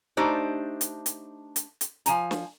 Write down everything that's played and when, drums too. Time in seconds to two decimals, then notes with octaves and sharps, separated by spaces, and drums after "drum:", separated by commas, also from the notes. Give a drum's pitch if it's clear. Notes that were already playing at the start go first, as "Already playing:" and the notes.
0.17 A3 D4 D#4 G4 C5
0.81 drum: hi-hat
1.06 drum: hi-hat
1.56 drum: hi-hat
1.81 drum: hi-hat
2.06 F3 G#5 A#5, drum: hi-hat
2.31 drum: snare